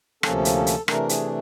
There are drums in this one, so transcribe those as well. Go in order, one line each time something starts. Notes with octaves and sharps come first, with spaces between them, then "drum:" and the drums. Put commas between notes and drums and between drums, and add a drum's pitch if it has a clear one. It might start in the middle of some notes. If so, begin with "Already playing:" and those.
D2 C3 F3 A#3 C#4 A4, drum: rim click
drum: hi-hat
drum: hi-hat
C3 E3 A3 D4 A#4, drum: rim click
G#4, drum: hi-hat